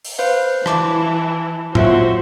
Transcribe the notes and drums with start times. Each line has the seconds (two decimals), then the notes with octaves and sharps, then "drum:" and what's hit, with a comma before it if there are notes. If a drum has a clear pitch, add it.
0.05 drum: open hi-hat
0.19 B4 C5 F5
0.66 E3 E4 A5 D6, drum: rim click
1.75 F4 F#4 C5 C#5 E5 F#5, drum: tom A2